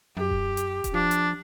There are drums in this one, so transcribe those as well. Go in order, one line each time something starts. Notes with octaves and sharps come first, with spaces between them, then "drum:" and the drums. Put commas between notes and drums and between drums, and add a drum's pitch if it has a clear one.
F#2 G4
drum: kick D#1
drum: hi-hat
drum: kick D#1, hi-hat
F3 D4
drum: hi-hat